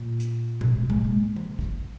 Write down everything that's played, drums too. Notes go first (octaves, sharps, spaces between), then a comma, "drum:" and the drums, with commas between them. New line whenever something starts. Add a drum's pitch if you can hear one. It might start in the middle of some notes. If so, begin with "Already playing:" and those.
Already playing: A#2
drum: hi-hat
B2, drum: tom A2
G#3
G#3, drum: tom A2
A#3
drum: tom E3
drum: kick